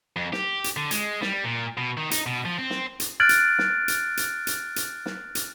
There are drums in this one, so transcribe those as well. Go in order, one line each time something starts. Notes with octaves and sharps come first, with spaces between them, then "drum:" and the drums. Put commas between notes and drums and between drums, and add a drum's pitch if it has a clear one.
F2
G4, drum: snare
drum: hi-hat
D3
G#3, drum: hi-hat
G3, drum: snare
A#2
B2
D#3
D#4, drum: hi-hat
B2
F3
C4
drum: snare
drum: hi-hat
F6 F#6 G#6 A6 D7 F#7
drum: hi-hat
drum: snare
drum: hi-hat
drum: hi-hat
drum: hi-hat
drum: hi-hat
drum: snare
drum: hi-hat